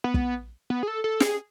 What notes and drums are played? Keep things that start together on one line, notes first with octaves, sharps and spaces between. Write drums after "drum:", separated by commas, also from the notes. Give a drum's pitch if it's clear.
B3
drum: kick
B3
G#4
A4
A4
G#4, drum: snare